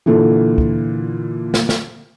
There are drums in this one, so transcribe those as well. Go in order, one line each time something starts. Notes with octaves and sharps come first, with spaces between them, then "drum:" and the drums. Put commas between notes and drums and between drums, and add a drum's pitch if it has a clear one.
A#2 D3 E3
drum: kick
drum: snare
drum: snare